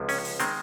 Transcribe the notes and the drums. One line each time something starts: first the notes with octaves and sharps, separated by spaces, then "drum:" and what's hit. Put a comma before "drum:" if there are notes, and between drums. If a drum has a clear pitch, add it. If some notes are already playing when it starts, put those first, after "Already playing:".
Already playing: C#2 C3 F3 G#3
C#4, drum: open hi-hat
drum: open hi-hat
D#3 G#3 C4, drum: hi-hat